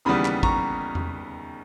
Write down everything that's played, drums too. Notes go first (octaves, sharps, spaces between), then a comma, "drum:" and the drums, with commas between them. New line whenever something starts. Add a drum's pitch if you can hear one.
D#2 C#3 E3 G3 B3 B5 D#6
drum: clap
A#5 C#6, drum: kick
drum: tom E2